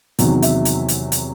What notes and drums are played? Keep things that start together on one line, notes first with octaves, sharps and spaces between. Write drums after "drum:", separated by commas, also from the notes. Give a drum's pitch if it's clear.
E2 C3 D#3 F#3, drum: hi-hat
E5, drum: hi-hat
drum: hi-hat
drum: hi-hat
drum: hi-hat